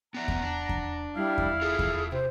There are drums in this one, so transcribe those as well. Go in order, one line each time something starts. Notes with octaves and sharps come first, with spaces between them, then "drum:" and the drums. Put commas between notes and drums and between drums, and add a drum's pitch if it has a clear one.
B3 D5 E5 F#5 A#5
drum: kick E2
D4
drum: kick E2
G3 E4 F5
drum: kick E2
F4 G#4 A4
drum: kick E2
C3 C5